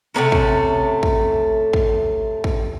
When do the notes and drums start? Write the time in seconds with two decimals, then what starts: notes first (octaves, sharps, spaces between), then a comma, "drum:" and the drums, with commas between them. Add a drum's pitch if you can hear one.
0.15 C3 A3 A#3 C#4
0.32 drum: kick
1.03 drum: kick
1.73 drum: kick
2.44 drum: kick